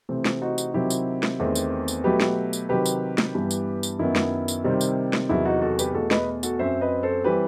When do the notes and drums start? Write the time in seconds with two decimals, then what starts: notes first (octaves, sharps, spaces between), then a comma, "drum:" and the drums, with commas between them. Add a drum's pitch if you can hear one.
0.09 C3 E3 A3 C4
0.25 drum: snare
0.41 D#4 F#4
0.58 drum: tambourine
0.74 C3 D#3 F#3 C4 E4 G4
0.90 drum: tambourine
1.23 drum: snare
1.39 E2 D#3 A3 C4
1.55 drum: tambourine
1.88 drum: tambourine
2.04 B2 F#3 A3 G4 B4
2.21 drum: snare
2.53 drum: tambourine
2.69 C3 D#3 F#3 G4 B4
2.86 drum: tambourine
3.18 drum: snare
3.34 G2 E3 G3 B3
3.51 drum: tambourine
3.83 drum: tambourine
3.99 F#2 D#3 F#3 B3 E4
4.16 drum: snare
4.48 drum: tambourine
4.64 C3 D#3 G3 C4
4.81 drum: tambourine
5.13 drum: snare
5.29 E2 C3 D#3 F#3 E4
5.45 D#4 F#4
5.62 F#4 A4
5.79 G4 B4, drum: tambourine
5.94 E2 B2 A3 F#4 A4
6.11 B4 D#5, drum: snare
6.43 F#4 A4, drum: tambourine
6.59 F#2 F#3 C4 C5 E5
6.81 B4 D#5
7.03 A4 C5
7.24 E3 G3 C4 G4 B4